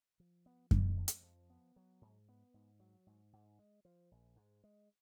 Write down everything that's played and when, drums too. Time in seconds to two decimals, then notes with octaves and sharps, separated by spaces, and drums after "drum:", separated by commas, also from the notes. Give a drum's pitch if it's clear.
0.20 F3
0.46 B3
0.71 G#3, drum: kick F#2
0.97 F2
1.08 drum: hi-hat
1.23 F3
1.50 B3
1.76 F#3
2.01 G#2
2.29 B3
2.54 G#2
2.80 F#3
3.07 G#2
3.33 G#2
3.59 G#3
3.85 F3
4.11 A#1
4.36 G#2
4.64 G#3